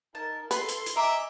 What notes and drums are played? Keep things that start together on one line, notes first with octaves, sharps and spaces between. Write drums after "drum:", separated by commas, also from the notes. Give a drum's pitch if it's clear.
D#4 A#4 A5
A4 B4 C6, drum: hi-hat
drum: hi-hat
drum: hi-hat
D#5 E5 G#5 A#5 D6